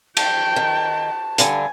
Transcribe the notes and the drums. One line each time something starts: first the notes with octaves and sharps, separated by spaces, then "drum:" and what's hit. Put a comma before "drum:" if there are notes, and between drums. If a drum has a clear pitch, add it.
G5 A5, drum: cymbal
D#3
G2 D3 G#5, drum: hi-hat